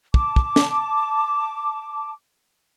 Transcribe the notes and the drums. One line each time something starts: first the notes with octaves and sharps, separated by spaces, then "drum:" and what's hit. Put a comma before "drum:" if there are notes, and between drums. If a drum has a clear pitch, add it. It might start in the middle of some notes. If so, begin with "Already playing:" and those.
A5 D6, drum: kick
drum: kick
drum: snare